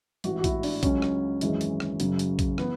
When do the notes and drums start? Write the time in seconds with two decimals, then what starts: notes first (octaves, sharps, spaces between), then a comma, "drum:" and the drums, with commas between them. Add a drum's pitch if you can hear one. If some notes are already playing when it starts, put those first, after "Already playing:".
0.24 A1 G#2 E3 F#4, drum: hi-hat
0.39 F#4
0.44 E4, drum: kick, hi-hat
0.63 D4, drum: open hi-hat
0.83 C#2 C#3 F#3 C#4, drum: kick, hi-hat
1.02 drum: rim click
1.41 G#1 F#2 E3 G#3, drum: hi-hat
1.61 drum: hi-hat
1.80 drum: rim click
2.00 F#1 F#2 C#3 F#3, drum: hi-hat
2.19 drum: hi-hat
2.39 drum: kick, hi-hat
2.58 E3 B3, drum: rim click